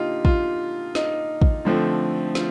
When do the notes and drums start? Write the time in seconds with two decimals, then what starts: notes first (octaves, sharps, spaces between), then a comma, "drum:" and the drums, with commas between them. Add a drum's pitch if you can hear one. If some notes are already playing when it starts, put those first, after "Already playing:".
Already playing: D3 A#3 D#4 F4 G4
0.25 F4, drum: kick
0.95 D#4, drum: snare
1.42 drum: kick
1.65 D3 F3 A3 C4
2.35 F4, drum: snare